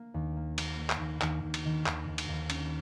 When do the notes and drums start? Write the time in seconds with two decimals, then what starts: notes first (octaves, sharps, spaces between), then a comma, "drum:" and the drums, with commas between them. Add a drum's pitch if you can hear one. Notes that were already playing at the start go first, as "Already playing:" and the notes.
Already playing: A#3
0.14 D#2
0.36 A#3
0.58 A#3, drum: cymbal
0.78 A#3
0.90 drum: clap
1.00 D#2
1.21 D#2, drum: clap
1.43 D#2
1.54 drum: cymbal
1.65 D#3
1.86 D#2, drum: clap
2.08 D#2
2.18 drum: cymbal
2.29 D#2
2.50 C#4, drum: cymbal